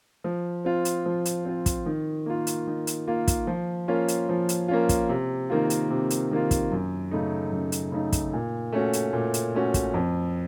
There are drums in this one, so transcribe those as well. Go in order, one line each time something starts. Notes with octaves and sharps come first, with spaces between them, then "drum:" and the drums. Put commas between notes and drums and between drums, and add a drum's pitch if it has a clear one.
F3
C4 F4
drum: hi-hat
F3
drum: hi-hat
C4 F4
drum: kick, hi-hat
D#3
A#3 F4
drum: hi-hat
D#3
drum: hi-hat
A#3 F4
drum: kick, hi-hat
F3
A#3 C#4 F4
drum: hi-hat
F3
drum: hi-hat
A#3 C#4 F4
drum: kick, hi-hat
C3
D#3 A#3 F4
drum: hi-hat
C3
drum: hi-hat
D#3 A#3 F4
drum: kick, hi-hat
F#2
C#3 A3 D#4
F#2
drum: hi-hat
C#3 A3 D#4
drum: kick, hi-hat
A#2
A3 C#4 F#4
drum: hi-hat
A#2
drum: hi-hat
A3 C#4 F#4
drum: kick, hi-hat
F2